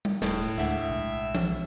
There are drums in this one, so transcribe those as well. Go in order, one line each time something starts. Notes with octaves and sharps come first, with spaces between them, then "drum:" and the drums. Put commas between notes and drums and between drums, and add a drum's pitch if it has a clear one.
drum: tom G3
E1 A2, drum: snare
D2 G#3 D4 E5 F#5, drum: snare
B1
drum: tom E3